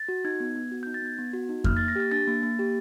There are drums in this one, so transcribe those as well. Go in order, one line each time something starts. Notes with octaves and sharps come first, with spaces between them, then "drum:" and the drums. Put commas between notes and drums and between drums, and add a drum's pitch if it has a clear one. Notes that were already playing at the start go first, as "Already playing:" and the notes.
Already playing: A6
F#4
D#4 G#6
B3
B3
F#4
D#4 G6
A6
B3 G#6
B3
F#4
D#4
A#3 F6, drum: kick F2
A#3 A6
A#6
G4 A6
D4 A6
A#3
A#3
G4